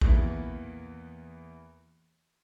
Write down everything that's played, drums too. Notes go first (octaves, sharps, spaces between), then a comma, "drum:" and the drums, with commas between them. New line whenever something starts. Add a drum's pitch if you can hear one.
E2 E3 A#3 B3, drum: kick A1